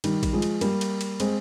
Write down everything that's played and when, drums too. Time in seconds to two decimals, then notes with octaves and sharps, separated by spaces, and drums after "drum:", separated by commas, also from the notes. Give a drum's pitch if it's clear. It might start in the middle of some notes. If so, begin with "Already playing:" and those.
0.04 D#3 G3, drum: cymbal
0.23 drum: kick A#1, cymbal
0.33 F3 G#3
0.42 drum: cymbal
0.61 G3 A#3, drum: cymbal
0.81 drum: cymbal
1.01 drum: cymbal
1.20 G#3 C4, drum: cymbal